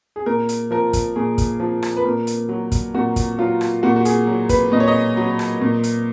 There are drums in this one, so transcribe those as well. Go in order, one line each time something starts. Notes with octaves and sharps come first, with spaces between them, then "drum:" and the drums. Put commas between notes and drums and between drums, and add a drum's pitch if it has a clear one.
G#4
A#2 A#4
drum: hi-hat
F3 A#4
drum: kick, hi-hat
A#2 G#4
drum: kick, hi-hat
F3
drum: rim click
B4
A#2 A#4
drum: hi-hat
F#3
drum: kick, hi-hat
A#2 F#4
drum: kick, hi-hat
F#3 F4
drum: rim click
A#2 F#4
F#4
G#4, drum: hi-hat
F#3
B4, drum: kick, hi-hat
A#2 D#5
C#5
D#5
F#3
drum: rim click
A#2
drum: hi-hat